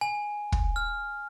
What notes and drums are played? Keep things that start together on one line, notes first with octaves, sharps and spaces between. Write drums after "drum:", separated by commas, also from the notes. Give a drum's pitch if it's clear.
G#5
drum: kick
F6